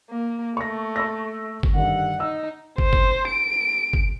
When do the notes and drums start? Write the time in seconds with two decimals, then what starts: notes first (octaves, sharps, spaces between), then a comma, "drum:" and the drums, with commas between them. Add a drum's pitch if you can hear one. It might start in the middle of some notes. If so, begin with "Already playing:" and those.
0.10 A#3
0.57 A3 C#6 A#6
0.96 C#6 E6 A#6
1.63 drum: kick
1.75 G2 D3 D#3 F#5
2.20 D#4 E6
2.78 C5, drum: kick
2.93 drum: kick
3.28 D7
3.93 drum: kick